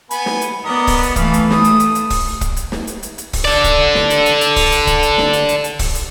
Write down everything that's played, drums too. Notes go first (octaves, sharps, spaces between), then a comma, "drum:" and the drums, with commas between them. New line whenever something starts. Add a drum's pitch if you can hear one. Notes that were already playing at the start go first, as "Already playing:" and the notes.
B3 G#5 B5, drum: hi-hat
drum: snare
drum: hi-hat
B3 A#4 D5 D#5
drum: kick, open hi-hat
drum: hi-hat
E3 A3 B4 F5, drum: kick, hi-hat
drum: hi-hat
A3 D#6, drum: snare
drum: hi-hat
drum: hi-hat
drum: hi-hat
drum: kick, open hi-hat
drum: kick, hi-hat
drum: hi-hat
drum: snare
drum: hi-hat
drum: hi-hat
drum: hi-hat
drum: kick, open hi-hat
A4 D5
drum: kick, hi-hat
drum: snare
drum: hi-hat
drum: hi-hat
drum: hi-hat
drum: kick, open hi-hat
drum: hi-hat
drum: kick, hi-hat
drum: hi-hat
drum: snare
drum: hi-hat
drum: hi-hat
drum: hi-hat
drum: kick, open hi-hat
drum: hi-hat